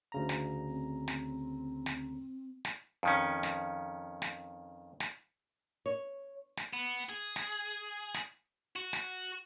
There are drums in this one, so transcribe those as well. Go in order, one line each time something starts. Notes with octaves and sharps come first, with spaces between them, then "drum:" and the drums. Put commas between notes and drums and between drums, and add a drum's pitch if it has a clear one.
D2 C#3 A#5
drum: snare
C4
drum: snare
drum: snare
drum: snare
F2 D#3 C#4
drum: snare
drum: snare
drum: snare
C#5
drum: snare
B3
G#4
drum: snare
drum: snare
F#4
drum: snare